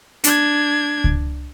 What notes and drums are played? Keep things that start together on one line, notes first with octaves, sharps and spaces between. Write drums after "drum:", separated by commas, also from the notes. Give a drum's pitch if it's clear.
D4 G#6, drum: hi-hat
drum: kick C#2